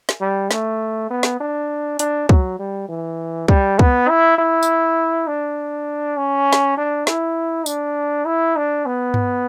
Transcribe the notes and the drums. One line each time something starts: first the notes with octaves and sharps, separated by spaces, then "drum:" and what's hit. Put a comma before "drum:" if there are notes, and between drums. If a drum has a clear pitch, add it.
drum: snare
G3
A3, drum: snare
B3
drum: snare
D4
D4, drum: hi-hat
F#3, drum: kick
G3
E3
G3, drum: kick
B3, drum: kick
E4
E4
drum: tambourine
D4
C#4
drum: snare
D4
E4, drum: snare
D4, drum: tambourine
E4
D4
B3
drum: tom G2